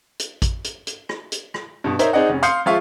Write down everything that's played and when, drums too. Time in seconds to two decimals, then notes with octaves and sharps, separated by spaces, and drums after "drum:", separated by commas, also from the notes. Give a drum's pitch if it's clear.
0.19 drum: hi-hat
0.42 drum: kick A1, hi-hat
0.64 drum: hi-hat
0.87 drum: hi-hat
1.09 drum: rim click
1.32 drum: hi-hat
1.54 drum: rim click
1.84 G2 B2
1.99 D#4 A#4 C5 C#5 E5, drum: hi-hat
2.13 C4 D#4 G#4 D5 D#5 F#5
2.29 F1 C#4
2.43 F5 C6 D#6 G6 C7 C#7, drum: hi-hat
2.66 F3 G#3 F4 E5 F5 C#6